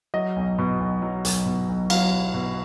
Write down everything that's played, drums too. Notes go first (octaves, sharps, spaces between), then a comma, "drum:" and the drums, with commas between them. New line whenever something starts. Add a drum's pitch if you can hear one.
F#3 D#5
B1
B2
B1
F#3
B1, drum: hi-hat
B2
B1
F#3 F5, drum: cymbal
B1
B2